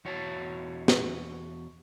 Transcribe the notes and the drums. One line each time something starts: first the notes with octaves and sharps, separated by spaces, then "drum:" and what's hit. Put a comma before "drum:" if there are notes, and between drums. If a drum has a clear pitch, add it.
E2 F#4 C#5 G#5 A5
drum: snare